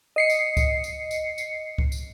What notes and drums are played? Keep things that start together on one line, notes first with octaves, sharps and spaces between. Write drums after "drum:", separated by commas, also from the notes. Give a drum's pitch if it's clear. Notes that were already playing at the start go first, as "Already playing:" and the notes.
D#5 C7 C#7
drum: tambourine
drum: kick C#2, tambourine
drum: tambourine
drum: tambourine
drum: tambourine
drum: kick C#2
drum: tambourine